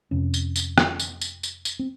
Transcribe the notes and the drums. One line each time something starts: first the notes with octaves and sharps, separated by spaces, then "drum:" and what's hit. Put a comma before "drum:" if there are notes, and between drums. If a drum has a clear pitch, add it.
F2 C3 C#4
drum: tambourine
drum: tambourine
drum: rim click
drum: tambourine
drum: tambourine
drum: tambourine
drum: tambourine
C4